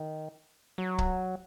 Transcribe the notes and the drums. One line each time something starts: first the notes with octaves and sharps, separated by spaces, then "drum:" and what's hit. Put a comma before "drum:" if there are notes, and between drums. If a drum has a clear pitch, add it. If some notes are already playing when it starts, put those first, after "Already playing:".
Already playing: D#3
F#3
drum: kick